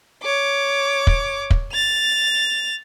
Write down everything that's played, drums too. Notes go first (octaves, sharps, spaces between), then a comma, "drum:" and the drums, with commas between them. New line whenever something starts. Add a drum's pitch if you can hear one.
C#5 D6
drum: kick
drum: kick
A6 F7